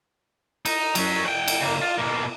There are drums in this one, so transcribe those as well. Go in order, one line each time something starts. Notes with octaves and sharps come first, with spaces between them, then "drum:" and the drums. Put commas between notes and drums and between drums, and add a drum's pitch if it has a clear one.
D#4, drum: cymbal
F#3 C#4, drum: cymbal
F#5 G5
drum: cymbal
C#3 A#3
F4
B2 A#3